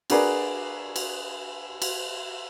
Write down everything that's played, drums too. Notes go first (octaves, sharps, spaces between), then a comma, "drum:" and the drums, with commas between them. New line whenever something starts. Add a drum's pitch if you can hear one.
D4 F#4 G#4 A#4 B4 D5, drum: cymbal
drum: cymbal
drum: cymbal